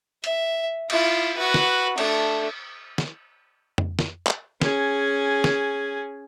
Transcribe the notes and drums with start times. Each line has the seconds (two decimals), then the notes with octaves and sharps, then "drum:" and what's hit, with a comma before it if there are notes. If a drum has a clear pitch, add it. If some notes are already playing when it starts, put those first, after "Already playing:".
0.24 E5, drum: hi-hat
0.90 E4 F4, drum: cymbal
1.37 F#4 B4
1.54 drum: snare
1.98 A3 D4, drum: cymbal
2.98 drum: snare
3.78 drum: tom F2
3.99 drum: snare
4.27 drum: clap
4.62 C#4 G#4, drum: snare
5.44 drum: snare